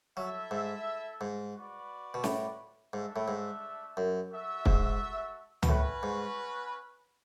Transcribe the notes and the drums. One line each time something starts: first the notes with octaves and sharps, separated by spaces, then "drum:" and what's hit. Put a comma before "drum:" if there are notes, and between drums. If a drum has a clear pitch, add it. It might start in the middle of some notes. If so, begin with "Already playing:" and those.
F#3 E4 A4 E5
G#2
G#2
F#4 B4 D5
B2
A2, drum: snare
G#2 A3 D4 A4 E5
A2
G#2
F#2
F#4 A4 E5
G#2, drum: kick
B2, drum: tom C#2
A2 C#4 F#4 B4
G#2